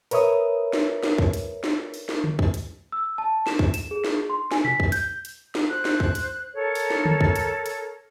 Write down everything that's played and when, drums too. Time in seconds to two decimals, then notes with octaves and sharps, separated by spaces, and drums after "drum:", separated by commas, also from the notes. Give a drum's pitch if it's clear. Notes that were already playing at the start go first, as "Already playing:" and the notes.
0.11 A#4 B4 C#5 E5 D#6, drum: hi-hat
0.73 drum: snare
1.03 drum: snare
1.18 drum: kick
1.33 drum: hi-hat
1.64 drum: snare
1.94 drum: open hi-hat
2.09 drum: snare
2.24 drum: tom D3
2.39 drum: kick
2.54 drum: hi-hat
2.92 E6
3.18 A5
3.47 E7, drum: snare
3.59 drum: kick
3.74 E7, drum: hi-hat
3.91 G#4
4.04 drum: snare
4.30 C6
4.51 G#5, drum: snare
4.65 B6, drum: tom B2
4.80 drum: kick
4.92 G6, drum: hi-hat
5.25 drum: hi-hat
5.55 drum: snare
5.69 C5 F#6
5.85 drum: snare
6.00 drum: kick
6.15 drum: hi-hat
6.54 A4 A#4 C#5
6.75 drum: open hi-hat
6.90 drum: snare
7.05 drum: tom D3
7.20 drum: kick
7.36 drum: hi-hat
7.66 drum: hi-hat